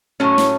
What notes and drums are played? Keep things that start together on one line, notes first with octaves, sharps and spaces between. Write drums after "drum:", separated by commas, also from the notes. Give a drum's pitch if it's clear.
A2 C#3 F#3 A3 C#4
drum: snare